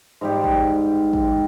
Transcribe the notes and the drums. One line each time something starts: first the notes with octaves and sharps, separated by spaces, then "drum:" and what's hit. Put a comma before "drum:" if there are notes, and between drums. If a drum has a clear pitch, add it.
G#2 G3 G4
drum: kick G#1
drum: kick G#1